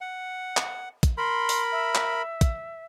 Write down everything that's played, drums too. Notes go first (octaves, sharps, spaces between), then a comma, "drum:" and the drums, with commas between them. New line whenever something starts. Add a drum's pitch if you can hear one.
F#5
drum: clap
drum: kick, hi-hat
A#4 B5 C6
drum: open hi-hat
E5
drum: clap
drum: kick, hi-hat